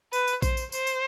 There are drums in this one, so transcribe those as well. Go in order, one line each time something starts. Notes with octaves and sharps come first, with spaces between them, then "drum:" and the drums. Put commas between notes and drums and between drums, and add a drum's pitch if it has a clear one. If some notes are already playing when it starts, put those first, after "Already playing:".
B4, drum: tambourine
drum: tambourine
C5, drum: kick A#1, tambourine
drum: tambourine
C5, drum: tambourine
drum: tambourine